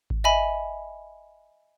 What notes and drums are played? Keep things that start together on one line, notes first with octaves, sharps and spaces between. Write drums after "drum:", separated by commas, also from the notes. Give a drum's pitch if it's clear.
drum: kick G#1
D#5 E5 G#5 B5